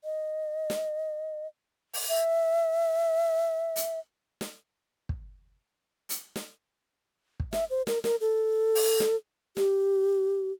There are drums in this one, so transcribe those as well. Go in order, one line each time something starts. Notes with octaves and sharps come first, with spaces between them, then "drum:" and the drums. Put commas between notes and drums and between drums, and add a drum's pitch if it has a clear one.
D#5
drum: snare
drum: open hi-hat
E5
drum: hi-hat
drum: snare
drum: kick
drum: hi-hat
drum: snare
drum: kick
E5, drum: snare
C5
A#4, drum: snare
A#4, drum: snare
A4
drum: open hi-hat
drum: snare
G4, drum: snare